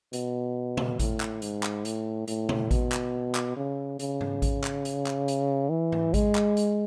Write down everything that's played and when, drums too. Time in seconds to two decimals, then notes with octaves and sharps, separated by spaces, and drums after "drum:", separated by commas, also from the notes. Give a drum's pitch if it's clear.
0.13 B2, drum: hi-hat
0.77 drum: tom A#2
0.99 A2, drum: kick A1, hi-hat
1.20 drum: clap
1.42 G#2, drum: hi-hat
1.63 drum: clap
1.85 A2, drum: hi-hat
2.28 A2, drum: hi-hat
2.49 drum: tom A#2
2.71 B2, drum: kick A1, hi-hat
2.92 drum: clap
3.35 drum: clap
3.57 C#3
3.99 C#3, drum: hi-hat
4.21 drum: tom G#2
4.42 drum: kick A1, hi-hat
4.64 drum: clap
4.85 drum: hi-hat
5.07 drum: clap
5.28 drum: hi-hat
5.71 E3
5.92 drum: tom G#2
6.14 G#3, drum: kick A1, hi-hat
6.35 drum: clap
6.57 drum: hi-hat